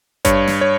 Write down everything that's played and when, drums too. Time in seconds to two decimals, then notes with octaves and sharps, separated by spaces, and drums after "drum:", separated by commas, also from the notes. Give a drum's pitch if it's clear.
0.25 G2 C#5, drum: kick G#1, hi-hat
0.47 drum: snare
0.61 C#5